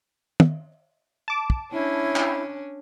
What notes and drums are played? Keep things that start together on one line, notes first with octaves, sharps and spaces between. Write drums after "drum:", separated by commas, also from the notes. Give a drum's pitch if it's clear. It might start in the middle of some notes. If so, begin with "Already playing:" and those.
drum: tom
A5 D6
drum: kick
C#4 D4 E4
drum: clap